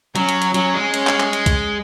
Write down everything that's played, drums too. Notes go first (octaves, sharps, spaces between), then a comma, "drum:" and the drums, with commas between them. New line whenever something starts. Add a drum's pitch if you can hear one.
F#3 C#4, drum: hi-hat
drum: hi-hat
drum: hi-hat
F#3 C#4, drum: hi-hat
G#3
C#4, drum: hi-hat
drum: clap
drum: clap
drum: hi-hat
drum: kick, hi-hat